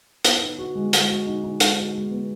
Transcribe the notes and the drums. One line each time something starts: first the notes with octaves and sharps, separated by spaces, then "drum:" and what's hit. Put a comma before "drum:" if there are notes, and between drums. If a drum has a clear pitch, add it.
B3, drum: hi-hat
D#4
F#4
G#3
G#3, drum: hi-hat
F#4
D#4
D#4
G#3, drum: hi-hat
F#4
G#3
B3